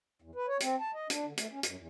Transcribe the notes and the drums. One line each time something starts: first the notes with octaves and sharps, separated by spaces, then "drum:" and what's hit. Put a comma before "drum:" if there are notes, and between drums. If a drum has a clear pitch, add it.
E2
B4
C#5
C4, drum: hi-hat
A5
D#5
D4, drum: hi-hat
D3
A3, drum: hi-hat
C#4
F#2, drum: hi-hat
E2